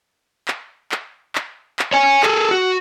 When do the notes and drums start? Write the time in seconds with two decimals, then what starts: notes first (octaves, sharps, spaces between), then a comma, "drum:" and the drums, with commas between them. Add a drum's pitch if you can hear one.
0.48 drum: clap
0.92 drum: clap
1.35 drum: clap
1.79 drum: clap
1.93 C#5 G#5
2.23 G#4 A4, drum: clap
2.51 F#4